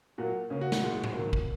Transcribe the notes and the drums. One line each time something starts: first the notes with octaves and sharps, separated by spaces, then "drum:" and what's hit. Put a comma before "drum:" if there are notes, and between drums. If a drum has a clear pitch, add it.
A#2 F#3 A#3 F#4
C#3 A#3 C#4
F#4
F#4, drum: snare
A#2 G#3
drum: tom A2
D#3 F#3 A#3
drum: kick